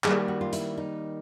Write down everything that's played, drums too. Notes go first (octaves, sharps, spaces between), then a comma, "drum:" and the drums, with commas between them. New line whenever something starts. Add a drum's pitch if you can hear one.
D#3 G3 A#3 G#4, drum: clap
F#4
F4
E4, drum: hi-hat
D#4